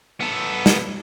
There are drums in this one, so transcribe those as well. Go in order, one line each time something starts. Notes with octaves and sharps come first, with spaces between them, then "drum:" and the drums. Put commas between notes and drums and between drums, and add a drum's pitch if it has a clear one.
B3 A4
drum: snare